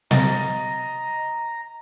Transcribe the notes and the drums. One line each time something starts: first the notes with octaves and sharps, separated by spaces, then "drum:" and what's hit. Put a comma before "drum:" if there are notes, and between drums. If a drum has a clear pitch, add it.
D#5 A#5 A6, drum: snare